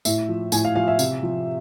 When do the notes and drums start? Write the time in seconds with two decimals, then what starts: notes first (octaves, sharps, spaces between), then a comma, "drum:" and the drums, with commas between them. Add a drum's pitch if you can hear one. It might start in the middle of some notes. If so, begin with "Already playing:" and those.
0.05 A2 E5, drum: tambourine
0.29 F3
0.52 A2 G#5, drum: tambourine
0.65 F5
0.76 F3 F5
0.88 E5
0.99 C3, drum: tambourine
1.23 F3